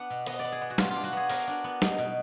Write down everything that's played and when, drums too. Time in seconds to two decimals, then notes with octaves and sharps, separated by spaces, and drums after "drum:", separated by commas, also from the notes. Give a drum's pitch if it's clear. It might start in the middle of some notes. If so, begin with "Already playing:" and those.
Already playing: B3 D4 F#5
0.10 B2
0.26 B3 D#5, drum: open hi-hat
0.39 D5
0.44 B3
0.52 G#4
0.61 B3
0.70 F#4
0.78 B3 F4, drum: snare
0.91 F4
0.96 D4
1.04 F#4
1.12 B3 G#4
1.30 B3 A#4, drum: open hi-hat
1.48 D4
1.64 B3
1.82 D#4, drum: snare
1.98 B2